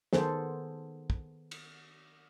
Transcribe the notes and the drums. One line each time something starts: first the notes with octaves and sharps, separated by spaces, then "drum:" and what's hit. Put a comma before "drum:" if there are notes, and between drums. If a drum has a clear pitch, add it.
D#3 B3 G#4 A4 C5, drum: snare
drum: kick
drum: cymbal